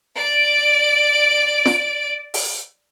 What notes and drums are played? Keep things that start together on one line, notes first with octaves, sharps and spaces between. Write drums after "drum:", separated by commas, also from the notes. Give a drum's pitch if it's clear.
D5 D7
drum: snare
drum: open hi-hat